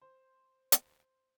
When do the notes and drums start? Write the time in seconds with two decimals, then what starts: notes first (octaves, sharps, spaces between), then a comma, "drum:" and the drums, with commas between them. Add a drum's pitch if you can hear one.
0.01 C5
0.72 drum: hi-hat